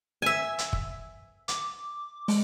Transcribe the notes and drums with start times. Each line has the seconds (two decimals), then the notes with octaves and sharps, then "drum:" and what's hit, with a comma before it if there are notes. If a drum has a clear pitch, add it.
0.22 E5 G#5
0.59 drum: hi-hat
0.73 drum: kick
1.48 D6, drum: hi-hat
2.28 G#3, drum: open hi-hat